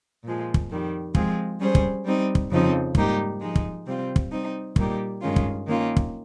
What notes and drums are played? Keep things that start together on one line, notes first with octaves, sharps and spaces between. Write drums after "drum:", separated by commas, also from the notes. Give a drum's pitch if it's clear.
A#2 F3 G#3
drum: kick
F2 D#3 G3
F3 G#3 C4 F4 G#4, drum: kick
G3 C#4 G#4 C5
drum: kick
G3 C4 D#4
drum: kick
F2 C#3 F3 C4 D#4
G#2 G3 A#3 D#4 G4, drum: kick
F3 G#3 D#4
drum: kick
C3 G3 C4 F4
drum: kick
G3 C4 D#4
A#2 G3 A#3 D#4 G4, drum: kick
G2 D#3 G#3 C#4 F4
drum: kick
D#3 A#3 C#4 F4
drum: kick